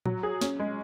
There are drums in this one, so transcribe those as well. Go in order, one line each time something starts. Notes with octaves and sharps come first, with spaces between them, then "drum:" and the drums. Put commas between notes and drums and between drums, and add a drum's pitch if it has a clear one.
F#3, drum: tom A2
G#4
C#4, drum: snare
G#3